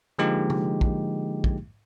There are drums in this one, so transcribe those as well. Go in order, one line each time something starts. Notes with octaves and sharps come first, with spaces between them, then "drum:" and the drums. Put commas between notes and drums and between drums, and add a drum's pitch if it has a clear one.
D3 F3 G#3 A#3 D#4 G4
drum: tom
drum: kick
drum: kick